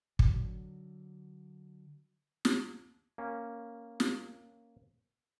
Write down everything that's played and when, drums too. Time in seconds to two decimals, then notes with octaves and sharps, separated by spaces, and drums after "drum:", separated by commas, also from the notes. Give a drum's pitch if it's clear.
0.19 D3 F#3, drum: kick
2.45 drum: snare
3.18 A#3 C#4
4.00 drum: snare